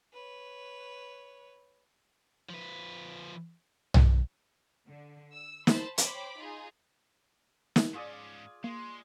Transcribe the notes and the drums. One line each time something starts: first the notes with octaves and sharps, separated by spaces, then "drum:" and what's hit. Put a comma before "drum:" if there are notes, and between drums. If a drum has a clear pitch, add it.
B4 C#5
F3 B4
drum: tom
D3
E6
C5 A5 B5, drum: snare
C5 C#5 G5 B5 D6, drum: hi-hat
D#4 F4 G#4
drum: snare
G#2 C#4 F4 G#4 D5
G#3 A#3 C6